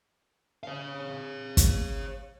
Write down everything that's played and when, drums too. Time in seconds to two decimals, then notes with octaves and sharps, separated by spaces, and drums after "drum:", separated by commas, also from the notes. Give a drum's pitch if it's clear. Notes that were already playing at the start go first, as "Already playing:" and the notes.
0.63 C#5 F5
1.57 drum: kick, hi-hat